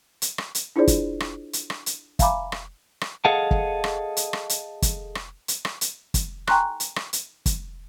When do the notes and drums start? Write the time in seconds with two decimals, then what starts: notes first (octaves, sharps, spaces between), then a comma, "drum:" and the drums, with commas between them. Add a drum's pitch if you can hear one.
0.22 drum: hi-hat
0.38 drum: rim click
0.55 drum: hi-hat
0.76 D4 E4 F4 G#4 C5 D5
0.87 drum: kick, hi-hat
1.20 drum: rim click
1.53 drum: hi-hat
1.70 drum: rim click
1.86 drum: hi-hat
2.19 E5 F5 G#5 A#5 B5 D6, drum: kick, hi-hat
2.52 drum: rim click
3.01 drum: rim click
3.25 G#4 A4 D#5 F5 F#5 A5
3.51 drum: kick
3.84 drum: rim click
4.17 drum: hi-hat
4.33 drum: rim click
4.49 drum: hi-hat
4.82 drum: kick, hi-hat
5.15 drum: rim click
5.48 drum: hi-hat
5.65 drum: rim click
5.81 drum: hi-hat
6.14 drum: kick, hi-hat
6.47 G5 G#5 A#5 C6 C#6 F#6, drum: rim click
6.80 drum: hi-hat
6.96 drum: rim click
7.13 drum: hi-hat
7.46 drum: kick, hi-hat